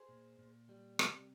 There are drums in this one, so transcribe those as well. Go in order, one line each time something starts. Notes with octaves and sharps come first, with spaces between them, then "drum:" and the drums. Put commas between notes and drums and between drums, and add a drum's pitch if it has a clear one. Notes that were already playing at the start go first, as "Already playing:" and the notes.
Already playing: G#4 C5
A#2
A#2
G3
C3, drum: rim click